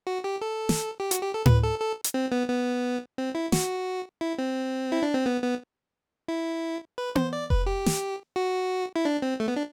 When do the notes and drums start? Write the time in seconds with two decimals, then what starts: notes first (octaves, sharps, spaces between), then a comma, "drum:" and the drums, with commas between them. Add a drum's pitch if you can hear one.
0.07 F#4
0.24 G4
0.41 A4
0.69 drum: snare
1.00 G4
1.11 F#4, drum: hi-hat
1.23 G4
1.34 A4
1.46 B4, drum: tom A2
1.63 A4
1.80 A4
2.04 drum: hi-hat
2.14 C4
2.32 B3
2.49 B3
3.18 C4
3.35 E4
3.52 F#4, drum: snare
4.21 E4
4.38 C4
4.92 E4
5.02 D4
5.14 C4
5.26 B3
5.42 B3
6.28 E4
6.98 B4
7.15 C5, drum: tom B3
7.33 D5
7.50 B4, drum: kick F1
7.66 G4
7.86 drum: snare
8.36 F#4
8.96 E4
9.05 D4
9.22 C4
9.40 A3
9.48 B3
9.56 D4